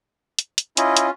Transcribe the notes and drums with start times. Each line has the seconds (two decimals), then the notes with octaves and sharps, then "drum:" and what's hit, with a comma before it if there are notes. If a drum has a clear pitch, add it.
0.39 drum: hi-hat
0.58 drum: hi-hat
0.77 C#4 E4 F4 D#5, drum: hi-hat
0.97 drum: hi-hat